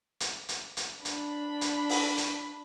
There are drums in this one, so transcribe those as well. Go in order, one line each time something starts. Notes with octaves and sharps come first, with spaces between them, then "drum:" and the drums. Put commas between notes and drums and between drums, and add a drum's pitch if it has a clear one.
drum: hi-hat
drum: hi-hat
drum: hi-hat
D4 B5, drum: hi-hat
drum: hi-hat
drum: open hi-hat
drum: hi-hat